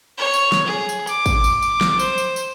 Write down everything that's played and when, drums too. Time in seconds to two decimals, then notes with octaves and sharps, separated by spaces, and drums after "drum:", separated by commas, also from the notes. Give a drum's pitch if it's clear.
0.18 C#5
0.34 drum: tambourine
0.52 drum: snare
0.66 G#4
0.89 drum: tambourine
1.07 D6, drum: tambourine
1.26 drum: kick, tambourine
1.44 drum: tambourine
1.62 drum: tambourine
1.81 drum: snare
1.99 C5, drum: tambourine
2.18 drum: tambourine
2.36 drum: tambourine